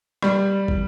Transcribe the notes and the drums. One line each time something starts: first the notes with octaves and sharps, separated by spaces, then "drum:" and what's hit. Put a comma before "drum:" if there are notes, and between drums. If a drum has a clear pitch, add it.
G3, drum: rim click
drum: kick